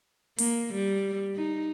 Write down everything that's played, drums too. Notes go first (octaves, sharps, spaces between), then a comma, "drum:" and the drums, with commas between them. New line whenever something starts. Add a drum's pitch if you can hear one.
A#3, drum: open hi-hat
G3
D#4